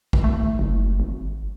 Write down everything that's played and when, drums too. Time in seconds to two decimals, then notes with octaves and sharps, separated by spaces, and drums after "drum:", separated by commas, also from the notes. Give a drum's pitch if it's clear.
0.13 drum: kick
0.24 A3
0.59 F#1
1.00 G#1